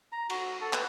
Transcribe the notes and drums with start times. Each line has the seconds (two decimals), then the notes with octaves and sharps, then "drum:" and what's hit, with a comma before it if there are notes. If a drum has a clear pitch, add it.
0.12 A#5
0.30 F#4, drum: cymbal
0.61 A4
0.73 B4, drum: clap